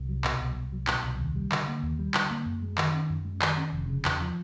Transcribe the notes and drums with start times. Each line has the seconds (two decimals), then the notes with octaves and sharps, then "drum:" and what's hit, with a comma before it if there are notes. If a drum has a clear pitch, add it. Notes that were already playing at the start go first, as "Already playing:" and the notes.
Already playing: C2
0.09 F#3
0.24 B2, drum: clap
0.40 C2
0.56 C2
0.72 F#3
0.87 B2, drum: clap
1.03 C2
1.19 D#2
1.36 G3
1.52 D3, drum: clap
1.68 A#3
1.83 D#2
1.99 G3
2.14 D3, drum: clap
2.30 A#3
2.46 F#2
2.63 G#3
2.78 D#3, drum: clap
2.94 C#4
3.10 F#2
3.25 G#3
3.42 D#3, drum: clap
3.57 C#4
3.72 F1
3.89 C#3
4.05 E2, drum: clap
4.21 F3